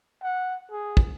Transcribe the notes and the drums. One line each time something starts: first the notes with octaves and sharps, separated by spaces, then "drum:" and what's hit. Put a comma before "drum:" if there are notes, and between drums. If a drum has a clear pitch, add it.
F#5
G#4
drum: kick